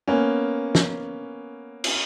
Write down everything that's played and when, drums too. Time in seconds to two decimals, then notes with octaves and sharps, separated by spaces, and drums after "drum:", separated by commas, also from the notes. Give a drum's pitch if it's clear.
0.08 A#3 B3 C#4
0.75 drum: snare
1.84 drum: cymbal